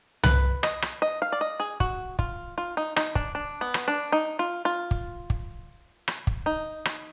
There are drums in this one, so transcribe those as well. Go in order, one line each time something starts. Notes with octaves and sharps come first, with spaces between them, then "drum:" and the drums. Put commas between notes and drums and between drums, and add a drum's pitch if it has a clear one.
B4, drum: tom C2
D#5, drum: rim click
drum: rim click
D#5
F5
D5
D#5
G#4
F#4, drum: kick
F4, drum: kick
F4
D#4
D#4, drum: rim click
D4, drum: kick
D4
B3
drum: rim click
D4
D#4
F4
F4
drum: kick
drum: kick
drum: rim click
drum: kick
D#4
drum: rim click